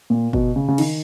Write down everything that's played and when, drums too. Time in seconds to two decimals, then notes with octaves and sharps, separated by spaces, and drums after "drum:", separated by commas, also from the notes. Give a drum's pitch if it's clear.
0.10 A#2
0.33 B2, drum: kick G1
0.56 C#3
0.68 C#3
0.78 D#3, drum: cymbal